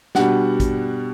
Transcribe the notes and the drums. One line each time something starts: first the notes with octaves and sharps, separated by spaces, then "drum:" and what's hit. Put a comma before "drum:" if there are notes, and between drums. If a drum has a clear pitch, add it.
B2 G3 D4 F#5, drum: snare
drum: kick, hi-hat